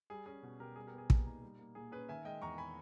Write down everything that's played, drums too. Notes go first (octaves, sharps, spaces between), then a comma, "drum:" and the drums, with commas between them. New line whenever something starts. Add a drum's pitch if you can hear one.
G3 G#4
C#4 G#4
B2
B2 G4 A#4
G3 G#4
G4 A#4
B3
G#4
A#2, drum: kick
D#4
G3
A#3
A#2 G#4
C#4 G#4 B4
D#3 E5 G#5
G#3 D#5 G5
E2 A#5 C#6
G#5 B5